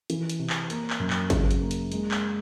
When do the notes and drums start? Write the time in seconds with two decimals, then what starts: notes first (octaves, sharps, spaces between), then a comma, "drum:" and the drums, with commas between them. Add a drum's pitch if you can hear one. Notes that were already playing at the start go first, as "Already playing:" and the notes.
0.10 E3, drum: hi-hat
0.29 drum: hi-hat
0.39 C3
0.50 drum: clap
0.70 A#3, drum: hi-hat
0.90 drum: clap
1.00 F#2
1.10 drum: clap
1.30 C#3, drum: kick G#1, hi-hat
1.51 drum: hi-hat
1.61 A#3
1.71 drum: hi-hat
1.92 G#3, drum: hi-hat
2.11 drum: clap